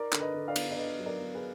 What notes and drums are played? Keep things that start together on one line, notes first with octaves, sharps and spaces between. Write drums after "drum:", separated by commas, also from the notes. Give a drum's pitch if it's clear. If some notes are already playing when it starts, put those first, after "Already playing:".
Already playing: D#4 A#4 D5
D3, drum: clap
B4 D#5
D3
D5 F5
B3, drum: cymbal
D5
D3 B4 D#5
F#3
A#4 D5
B3
G#4 B4